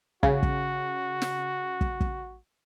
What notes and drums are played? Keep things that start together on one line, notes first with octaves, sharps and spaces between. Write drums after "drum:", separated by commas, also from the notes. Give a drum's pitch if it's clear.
C#3 F#4, drum: kick
drum: kick
drum: snare
drum: kick
drum: kick